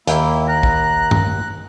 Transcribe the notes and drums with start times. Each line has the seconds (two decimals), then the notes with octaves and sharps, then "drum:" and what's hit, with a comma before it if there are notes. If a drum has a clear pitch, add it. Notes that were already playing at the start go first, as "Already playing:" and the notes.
0.07 D#2 A#3 E4 G5, drum: hi-hat
0.49 A#5 F#6
0.63 drum: kick
1.11 drum: tom G2